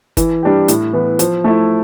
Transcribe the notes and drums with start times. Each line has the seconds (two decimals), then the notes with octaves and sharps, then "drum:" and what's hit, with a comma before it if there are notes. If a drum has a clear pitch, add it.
0.17 E3, drum: kick G1, hi-hat
0.43 G3 D4 G4
0.68 A2, drum: hi-hat
0.93 E3 B3
1.19 F3, drum: hi-hat
1.44 A3 E4